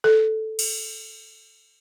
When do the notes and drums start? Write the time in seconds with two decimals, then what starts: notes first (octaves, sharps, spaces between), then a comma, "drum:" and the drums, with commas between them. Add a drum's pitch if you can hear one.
0.04 A4
0.59 drum: cymbal